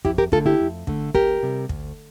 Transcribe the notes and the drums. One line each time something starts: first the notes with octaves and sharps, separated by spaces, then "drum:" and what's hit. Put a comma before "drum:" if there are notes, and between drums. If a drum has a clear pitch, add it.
F2 E4 G4, drum: kick
G4 A#4
D3 A3 F4 A4, drum: kick
E4 G4
F2
D3 A3, drum: kick
D2 G4 A#4, drum: kick
C3 G3
D2, drum: kick